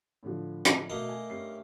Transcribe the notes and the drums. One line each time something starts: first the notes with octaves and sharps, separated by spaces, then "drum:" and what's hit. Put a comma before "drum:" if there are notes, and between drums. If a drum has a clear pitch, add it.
A2 D3 F3
drum: hi-hat
B2 A3 A#3 D#5
G#5
G2 C#4 C7